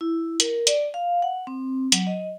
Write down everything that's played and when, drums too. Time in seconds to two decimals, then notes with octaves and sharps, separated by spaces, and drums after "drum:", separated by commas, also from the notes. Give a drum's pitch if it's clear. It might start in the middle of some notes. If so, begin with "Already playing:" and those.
0.01 E4
0.40 A#4, drum: hi-hat
0.67 D5, drum: hi-hat
0.94 F5
1.22 F#5
1.47 C4
1.92 F#3, drum: hi-hat
2.07 D#5